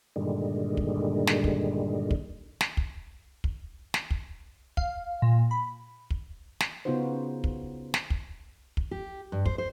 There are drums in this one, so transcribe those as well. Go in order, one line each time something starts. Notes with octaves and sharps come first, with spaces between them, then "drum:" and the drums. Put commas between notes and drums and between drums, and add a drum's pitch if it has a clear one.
G2 A#2 D3 D#3 G3 G#3
drum: kick
drum: snare
drum: kick
drum: kick
drum: snare
drum: kick
drum: kick
drum: snare
drum: kick
F5, drum: kick
A#2
B5
drum: kick
drum: snare
C#3 B3 D#4 F4 F#4 C5
drum: kick
drum: snare
drum: kick
drum: kick
G4
G2
C5, drum: kick
C5